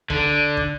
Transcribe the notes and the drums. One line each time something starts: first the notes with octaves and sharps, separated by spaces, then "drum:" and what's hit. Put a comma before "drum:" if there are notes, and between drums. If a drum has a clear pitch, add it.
D3, drum: kick
drum: kick